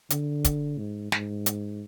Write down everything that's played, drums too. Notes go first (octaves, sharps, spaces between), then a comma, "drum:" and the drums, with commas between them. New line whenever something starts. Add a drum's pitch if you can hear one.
D3, drum: hi-hat
drum: kick, hi-hat
G#2
G#2, drum: snare
drum: hi-hat